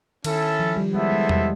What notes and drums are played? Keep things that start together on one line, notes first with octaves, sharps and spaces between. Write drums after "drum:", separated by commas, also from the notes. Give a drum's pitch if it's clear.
D#3 C#4 E4 A4, drum: cymbal
F3
G3
G#3 B3 E4 A4 C5 E5
G#3
G3, drum: tom E2